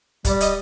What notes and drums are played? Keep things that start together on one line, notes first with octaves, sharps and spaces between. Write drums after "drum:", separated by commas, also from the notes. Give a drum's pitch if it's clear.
G3 D5, drum: kick, hi-hat
D#5, drum: hi-hat